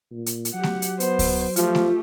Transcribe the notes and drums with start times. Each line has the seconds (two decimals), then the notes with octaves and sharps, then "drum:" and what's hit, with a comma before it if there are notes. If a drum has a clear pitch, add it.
0.11 A#2
0.26 drum: hi-hat
0.45 drum: hi-hat
0.54 F#3 G4 F#5
0.63 drum: snare A3
0.82 drum: hi-hat
1.00 B3 C5, drum: hi-hat
1.19 drum: kick C#2, open hi-hat
1.56 F3 A3 F4 G4, drum: hi-hat
1.75 drum: snare A3